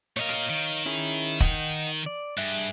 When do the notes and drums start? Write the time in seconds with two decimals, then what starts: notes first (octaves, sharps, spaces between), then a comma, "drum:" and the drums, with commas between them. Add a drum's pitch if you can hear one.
0.17 A#2 A#4 C#5 D#5 F5
0.29 drum: hi-hat
0.49 D#3
0.86 C#4 E4 G#4
1.40 D#5 F#5 G5, drum: kick
2.06 D5
2.37 G2 G#4 E5 F#6